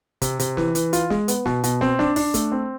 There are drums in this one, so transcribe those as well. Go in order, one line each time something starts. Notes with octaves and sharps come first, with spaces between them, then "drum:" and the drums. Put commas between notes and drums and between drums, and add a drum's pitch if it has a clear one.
C3, drum: kick, hi-hat
C3, drum: hi-hat
E3, drum: snare
E3, drum: hi-hat
F4, drum: hi-hat
G#3, drum: snare
B3, drum: hi-hat
B2, drum: snare
B2, drum: hi-hat
C4, drum: snare
D4, drum: snare
D4, drum: open hi-hat
A3, drum: kick, hi-hat
C4